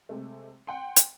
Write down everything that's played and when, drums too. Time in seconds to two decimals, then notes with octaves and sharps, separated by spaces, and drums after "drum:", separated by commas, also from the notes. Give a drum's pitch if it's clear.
0.09 C3 G#3 A3
0.67 F#5 G5 C6
0.96 drum: hi-hat